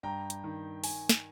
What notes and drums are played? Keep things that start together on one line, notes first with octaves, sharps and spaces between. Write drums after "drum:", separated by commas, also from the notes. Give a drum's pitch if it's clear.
G2 G5 A#5
drum: hi-hat
D#3
G#5, drum: open hi-hat
drum: snare